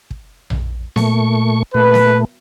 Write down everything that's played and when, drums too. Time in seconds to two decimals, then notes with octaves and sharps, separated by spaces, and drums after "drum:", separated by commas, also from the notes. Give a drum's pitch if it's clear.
0.10 drum: kick
0.50 drum: tom A#1
0.96 A#2 A3 C#6, drum: snare B3
1.74 A#2 A3 B4
1.94 drum: snare B3